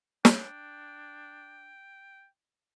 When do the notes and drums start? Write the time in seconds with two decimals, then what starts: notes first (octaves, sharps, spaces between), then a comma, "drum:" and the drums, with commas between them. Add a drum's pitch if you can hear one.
0.25 D4 G5, drum: snare